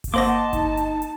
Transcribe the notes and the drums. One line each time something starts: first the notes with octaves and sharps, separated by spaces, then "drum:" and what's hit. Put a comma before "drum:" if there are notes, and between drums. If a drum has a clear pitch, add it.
drum: kick G1, open hi-hat
A#3 C5 D#5 F#5 A5 C6 D6 A#6
D#4, drum: kick G1, hi-hat
drum: hi-hat
drum: hi-hat